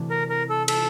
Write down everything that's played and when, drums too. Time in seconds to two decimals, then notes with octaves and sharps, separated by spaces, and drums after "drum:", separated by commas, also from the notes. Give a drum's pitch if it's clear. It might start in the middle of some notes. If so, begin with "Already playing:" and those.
Already playing: C3 E3 A3 D4 F#4
0.10 A#4
0.29 A#4
0.49 A4
0.68 A4, drum: cymbal